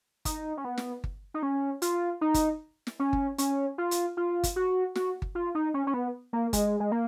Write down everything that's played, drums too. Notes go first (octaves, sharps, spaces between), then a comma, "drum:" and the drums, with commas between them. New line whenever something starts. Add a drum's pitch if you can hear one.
D#4, drum: kick G1, hi-hat
C#4
B3
drum: snare
drum: kick G1
D#4
C#4
F4, drum: hi-hat
D#4
drum: kick G1, hi-hat
drum: snare
C#4
drum: kick G1
C#4, drum: hi-hat
F4
drum: hi-hat
F4
drum: kick G1, hi-hat
F#4
F#4, drum: snare
drum: kick G1
F4
D#4
C#4
C#4
B3
A#3
G#3, drum: kick G1, hi-hat
G#3
A#3